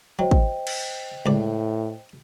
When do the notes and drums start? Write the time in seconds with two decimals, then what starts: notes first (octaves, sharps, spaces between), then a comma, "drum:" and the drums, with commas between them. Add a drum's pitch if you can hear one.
0.19 F#3 C5 D#5 G5
0.31 drum: kick
0.67 drum: cymbal
1.26 C#2 A2 D5